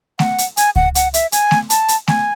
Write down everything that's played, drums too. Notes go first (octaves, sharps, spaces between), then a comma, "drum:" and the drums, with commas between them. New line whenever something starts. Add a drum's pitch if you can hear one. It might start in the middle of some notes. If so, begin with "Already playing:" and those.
F#5, drum: snare A3
drum: hi-hat
G#5, drum: hi-hat
F#5, drum: kick C#2
F#5, drum: hi-hat
E5, drum: hi-hat
G#5, drum: hi-hat
drum: snare A3
A5, drum: hi-hat
drum: hi-hat
G#5, drum: snare A3